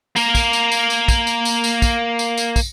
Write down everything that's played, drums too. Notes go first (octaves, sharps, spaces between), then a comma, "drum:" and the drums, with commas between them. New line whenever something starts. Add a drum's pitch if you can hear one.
A#3 A#4, drum: tambourine
drum: kick, tambourine
drum: tambourine
drum: tambourine
drum: tambourine
drum: kick, tambourine
drum: tambourine
drum: tambourine
drum: tambourine
drum: kick, tambourine
drum: tambourine
drum: tambourine
drum: kick, tambourine